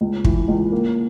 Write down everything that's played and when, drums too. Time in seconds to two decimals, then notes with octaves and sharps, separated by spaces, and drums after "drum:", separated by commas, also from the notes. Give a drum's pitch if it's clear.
0.01 C#2
0.25 E3, drum: kick
0.48 C#2
0.72 A#3